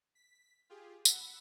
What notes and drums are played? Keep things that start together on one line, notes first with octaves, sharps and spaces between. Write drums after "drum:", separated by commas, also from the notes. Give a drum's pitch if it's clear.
B6
F4 G4 G#4
F#5 B5 E6, drum: tambourine